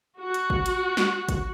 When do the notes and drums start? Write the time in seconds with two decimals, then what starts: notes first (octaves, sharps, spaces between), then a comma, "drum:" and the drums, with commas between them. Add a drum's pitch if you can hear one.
0.19 F#4
0.34 drum: hi-hat
0.50 drum: kick G#1
0.66 drum: hi-hat
0.97 drum: snare
1.29 drum: kick G#1, hi-hat